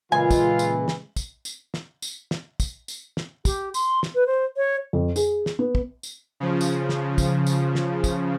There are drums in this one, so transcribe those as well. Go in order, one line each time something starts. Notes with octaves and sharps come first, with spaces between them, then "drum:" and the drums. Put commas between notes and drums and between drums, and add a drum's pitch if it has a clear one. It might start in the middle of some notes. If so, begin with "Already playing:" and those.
A#2 C#3 E3 G#3 F4 G#5
drum: kick, tambourine
drum: tambourine
drum: snare
drum: kick, tambourine
drum: tambourine
drum: snare
drum: tambourine
drum: snare
drum: kick, tambourine
drum: tambourine
drum: snare
G4, drum: kick, tambourine
C6, drum: tambourine
drum: snare
B4
C5
C#5
F2
G#4, drum: tambourine
drum: snare
B3
drum: kick
drum: tambourine
C#3 F3
drum: tambourine
drum: snare
drum: kick, tambourine
drum: tambourine
drum: snare
drum: kick, tambourine